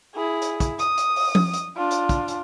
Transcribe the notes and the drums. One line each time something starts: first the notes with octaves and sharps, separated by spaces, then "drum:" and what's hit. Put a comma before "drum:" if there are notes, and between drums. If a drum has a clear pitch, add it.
E4 G#4
drum: hi-hat
drum: kick, hi-hat
D#6, drum: hi-hat
drum: hi-hat
drum: open hi-hat
drum: tom F3
drum: hi-hat
D4 F4
drum: hi-hat
drum: kick, hi-hat
drum: hi-hat